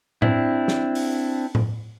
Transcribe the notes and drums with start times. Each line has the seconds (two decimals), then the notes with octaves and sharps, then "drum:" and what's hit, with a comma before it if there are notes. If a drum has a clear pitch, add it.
0.22 C4 D4 E4, drum: tom A2
0.68 drum: snare
0.95 drum: open hi-hat
1.55 drum: tom A2